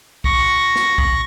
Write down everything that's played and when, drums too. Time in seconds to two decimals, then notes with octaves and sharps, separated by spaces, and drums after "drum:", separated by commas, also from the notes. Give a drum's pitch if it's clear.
0.24 C#6 A#6, drum: kick C2
0.76 drum: snare
0.98 drum: kick C2